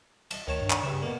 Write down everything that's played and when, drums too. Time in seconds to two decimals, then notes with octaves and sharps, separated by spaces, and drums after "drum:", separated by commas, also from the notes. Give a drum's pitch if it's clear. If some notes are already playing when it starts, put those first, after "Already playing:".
0.31 D#5 E5 A5, drum: cymbal
0.47 D2 D#3 C#5 A5
0.61 G2
0.70 drum: clap
0.83 G2 C#3 E5
1.02 B2 A#3